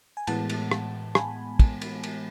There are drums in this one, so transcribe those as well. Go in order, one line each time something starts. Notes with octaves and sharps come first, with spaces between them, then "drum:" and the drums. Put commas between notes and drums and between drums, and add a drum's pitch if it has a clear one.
G#5
A2 E3 G#3 B3 F#5 A5, drum: cymbal
drum: cymbal
drum: rim click
G#5 B5, drum: rim click
drum: kick, cymbal
drum: cymbal
drum: cymbal